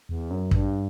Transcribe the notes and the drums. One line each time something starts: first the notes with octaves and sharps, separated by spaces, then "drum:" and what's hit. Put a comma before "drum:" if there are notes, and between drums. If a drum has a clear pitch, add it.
E2
F#2
G2, drum: kick